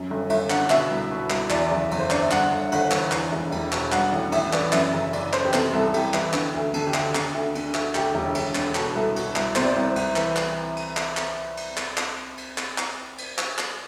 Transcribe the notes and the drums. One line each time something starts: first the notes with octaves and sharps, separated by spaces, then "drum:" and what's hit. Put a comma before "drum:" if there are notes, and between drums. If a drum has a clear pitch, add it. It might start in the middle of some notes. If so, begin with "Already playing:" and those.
Already playing: F#2
G1
G1 E5, drum: cymbal
D3 F#5, drum: clap
B2 E5, drum: clap
C2
B2
C2, drum: clap
E2 D5, drum: clap
F#1
F#1, drum: cymbal
C5
D3 D5, drum: clap
E5
G2 F#5, drum: clap
G1
G1 F#5, drum: cymbal
E3, drum: clap
E2, drum: clap
E1
E1, drum: cymbal
B2, drum: clap
G2 F#5, drum: clap
A1
A1 E5, drum: cymbal
E3 D5, drum: clap
F#2 E5, drum: clap
F#1
F#1 D5, drum: cymbal
E3 C5, drum: clap
G4
C3 A4, drum: clap
C2 A4
A4
C2 G4, drum: cymbal
E3, drum: clap
D3, drum: clap
D2
D3 A4, drum: cymbal
G4
D2, drum: clap
D3, drum: clap
D2
D3, drum: cymbal
D2, drum: clap
D2 G4, drum: clap
E1 G4
E1, drum: cymbal
D3, drum: clap
B2 A4, drum: clap
C2 A4
B2, drum: cymbal
C2, drum: clap
C3 C5, drum: clap
D5
C2 C5
C2, drum: cymbal
E3, drum: clap
drum: clap
drum: cymbal
drum: clap
drum: clap
drum: cymbal
drum: clap
drum: clap
drum: cymbal
drum: clap
drum: clap
drum: cymbal
drum: clap
drum: clap